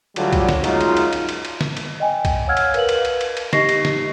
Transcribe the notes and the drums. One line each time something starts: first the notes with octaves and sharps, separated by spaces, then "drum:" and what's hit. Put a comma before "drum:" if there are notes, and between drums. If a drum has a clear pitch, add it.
D2 D3 F#3 G3 D4 F4, drum: cymbal
drum: kick B1, cymbal
drum: snare
F#2 F#3 G#3 D#4 F4, drum: cymbal
drum: cymbal
drum: cymbal
drum: cymbal
drum: cymbal
drum: cymbal
drum: snare
drum: cymbal
D#5 G5 G#5
drum: kick B1, cymbal
C#5 F5 F#5 E6 F6 G#6
drum: cymbal
A#4 B4 F5 F#7, drum: cymbal
drum: cymbal
drum: cymbal
drum: cymbal
drum: cymbal
D#4 G4 D#5 C#6 A#6 C7, drum: snare
drum: cymbal
drum: snare